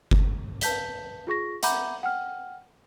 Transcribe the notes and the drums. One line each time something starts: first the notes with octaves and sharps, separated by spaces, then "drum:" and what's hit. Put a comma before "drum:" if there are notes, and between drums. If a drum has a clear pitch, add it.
drum: kick G1
B4 A5 G6 B6 G7, drum: hi-hat
F4 G#4 C#6 A#6
E5 F#5 A#5 B5 D6 G6, drum: hi-hat
F#5 G5 F6